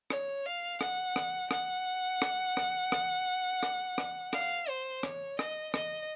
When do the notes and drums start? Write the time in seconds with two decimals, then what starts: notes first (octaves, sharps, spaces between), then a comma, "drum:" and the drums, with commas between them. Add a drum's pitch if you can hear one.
0.10 C#5, drum: rim click
0.46 F5
0.81 F#5, drum: rim click
1.16 drum: rim click
1.51 F#5, drum: rim click
2.22 drum: rim click
2.57 drum: rim click
2.92 drum: rim click
3.63 drum: rim click
3.98 drum: rim click
4.33 F5, drum: rim click
4.69 C5
5.03 C#5, drum: rim click
5.39 D#5, drum: rim click
5.74 D#5, drum: rim click